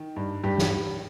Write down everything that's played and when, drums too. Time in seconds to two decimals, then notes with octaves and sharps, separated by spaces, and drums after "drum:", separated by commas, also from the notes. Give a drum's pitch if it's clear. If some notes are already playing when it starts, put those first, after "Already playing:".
Already playing: D#3
0.16 G2
0.44 G2 G4
0.58 drum: snare